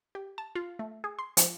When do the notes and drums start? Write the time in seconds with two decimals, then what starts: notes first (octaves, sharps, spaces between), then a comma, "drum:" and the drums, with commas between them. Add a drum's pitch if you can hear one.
0.15 G4
0.38 A5
0.55 F4
0.79 A3
1.04 G#4
1.19 C6
1.37 F3, drum: hi-hat